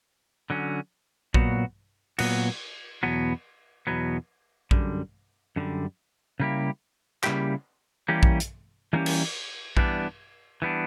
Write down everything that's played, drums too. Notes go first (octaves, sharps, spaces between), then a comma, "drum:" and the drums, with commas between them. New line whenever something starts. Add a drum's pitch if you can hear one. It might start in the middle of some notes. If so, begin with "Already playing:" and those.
D3 F#3 C#4
A#2 F#3 B3 F#4, drum: kick A#1
A#2 F#3 B3 F#4, drum: cymbal
E2 B2 F#3 B3
E2 B2 F#3 B3
F#2 D3 G3, drum: kick A#1
F#2 D3 G3
C#3 G3 A#3 E4 G4
C#3 G3 A#3 E4 G4, drum: clap
E3 G3 A#3 C#4 G4
drum: kick A#1
drum: hi-hat
E3 G3 A#3 C#4 G4
drum: cymbal
E3 G3 B3 D4, drum: kick A#1
E3 G3 B3 D4